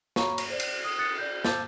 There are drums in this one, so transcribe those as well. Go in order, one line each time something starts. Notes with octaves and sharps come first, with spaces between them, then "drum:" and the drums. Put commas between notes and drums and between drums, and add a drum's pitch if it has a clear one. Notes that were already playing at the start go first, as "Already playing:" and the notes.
F#4 C#5 A#5 B5 C#6, drum: snare
drum: cymbal
C5 D5
drum: cymbal
D#6
D#6 F#6 A6 C#7
D5 G6
C5 A5 D6 E6 G6 A6, drum: snare